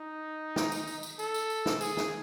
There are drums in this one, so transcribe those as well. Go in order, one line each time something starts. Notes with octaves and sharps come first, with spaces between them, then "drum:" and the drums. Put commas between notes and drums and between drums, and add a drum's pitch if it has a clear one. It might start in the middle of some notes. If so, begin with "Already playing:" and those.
Already playing: D#4
drum: snare
drum: tambourine
drum: tambourine
drum: tambourine
A4, drum: tambourine
drum: tambourine
drum: tambourine
drum: snare
G#4, drum: tambourine
drum: snare